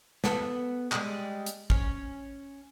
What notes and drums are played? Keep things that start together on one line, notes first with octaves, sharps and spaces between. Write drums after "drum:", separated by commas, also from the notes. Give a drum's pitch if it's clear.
B3 A4, drum: snare
G3 G#3, drum: clap
drum: hi-hat
C#4, drum: kick